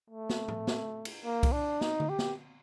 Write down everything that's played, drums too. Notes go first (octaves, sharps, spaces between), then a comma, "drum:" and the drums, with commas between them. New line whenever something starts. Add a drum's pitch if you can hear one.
A3
drum: snare
drum: tom A2
drum: snare
drum: cymbal
A#3
drum: kick C2, cymbal
D4
D#4, drum: snare
drum: tom D3
G4
drum: snare